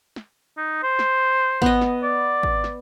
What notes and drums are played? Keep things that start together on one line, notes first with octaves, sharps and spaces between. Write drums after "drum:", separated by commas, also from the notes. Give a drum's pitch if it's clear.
drum: snare
D#4
C5
drum: snare
B3 D#5, drum: kick G#1
drum: snare
D5
drum: kick G#1
drum: snare